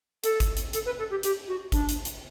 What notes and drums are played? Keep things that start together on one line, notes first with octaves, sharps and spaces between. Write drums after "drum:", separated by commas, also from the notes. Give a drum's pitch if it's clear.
A4, drum: hi-hat
drum: kick G#1, hi-hat
drum: hi-hat
A4, drum: hi-hat
B4
A4
G4
G4, drum: hi-hat
F#4
D4, drum: kick G#1, hi-hat
drum: hi-hat
drum: hi-hat